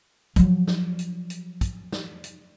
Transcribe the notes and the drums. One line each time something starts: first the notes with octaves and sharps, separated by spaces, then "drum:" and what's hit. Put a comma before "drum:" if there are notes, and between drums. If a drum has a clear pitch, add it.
F3 F#3, drum: kick, hi-hat
drum: snare
drum: hi-hat
drum: hi-hat
drum: kick, hi-hat
drum: snare
drum: hi-hat